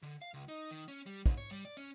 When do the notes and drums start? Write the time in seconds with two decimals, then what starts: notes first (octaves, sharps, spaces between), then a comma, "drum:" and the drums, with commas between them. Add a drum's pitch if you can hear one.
0.03 D3
0.22 F5
0.34 C#2
0.48 D#4
0.71 D#3
0.88 C#4
1.06 G3
1.26 C2, drum: kick
1.38 C#5
1.51 G3
1.65 D5
1.77 C#4